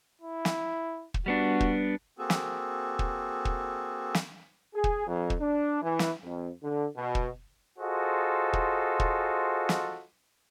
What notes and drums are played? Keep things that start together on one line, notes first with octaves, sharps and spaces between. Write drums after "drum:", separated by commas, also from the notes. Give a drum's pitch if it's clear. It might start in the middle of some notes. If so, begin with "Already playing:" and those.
E4
drum: snare
drum: kick
G3 B3 D4 F#4
drum: kick
A#3 C4 F#4 G#4 A4
drum: snare
drum: kick
drum: kick
drum: snare
G#4
drum: kick
F2
drum: kick
D4
E3
drum: snare
F2
D3
B2
drum: kick
F4 F#4 G#4 A4 C5 D#5
drum: kick
drum: kick
drum: snare